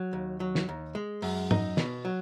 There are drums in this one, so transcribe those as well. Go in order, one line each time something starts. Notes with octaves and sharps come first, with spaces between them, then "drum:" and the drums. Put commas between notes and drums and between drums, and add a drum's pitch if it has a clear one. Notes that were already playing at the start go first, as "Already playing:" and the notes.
Already playing: F#3
D#2
F#3
drum: snare
D#2
G#3
F#2, drum: open hi-hat
D#4, drum: tom G#2
B2, drum: snare
F#3